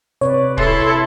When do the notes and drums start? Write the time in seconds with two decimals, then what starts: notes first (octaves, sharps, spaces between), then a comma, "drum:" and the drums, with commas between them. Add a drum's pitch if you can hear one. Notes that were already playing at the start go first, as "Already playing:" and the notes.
0.21 C3 B4 C#5 D5
0.57 E4 A4 E5 A5 C6, drum: kick